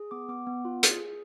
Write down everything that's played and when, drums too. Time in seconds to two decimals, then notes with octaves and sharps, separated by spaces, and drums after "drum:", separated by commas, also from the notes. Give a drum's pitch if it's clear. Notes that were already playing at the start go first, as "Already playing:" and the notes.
Already playing: G#4
0.11 B3 D6
0.29 B3 D6
0.47 B3
0.65 F4
0.83 G#4, drum: hi-hat
1.00 G#4